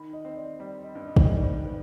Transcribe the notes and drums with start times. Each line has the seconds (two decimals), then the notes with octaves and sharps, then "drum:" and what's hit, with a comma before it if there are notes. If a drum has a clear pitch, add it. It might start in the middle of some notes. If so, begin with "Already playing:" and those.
Already playing: D#3 B5
0.13 D#5
0.25 C4
0.37 D5
0.60 G3 D5
0.83 D#5
0.95 G2
1.08 D#5
1.16 D5, drum: kick
1.27 D#3 C5
1.36 D5
1.66 B3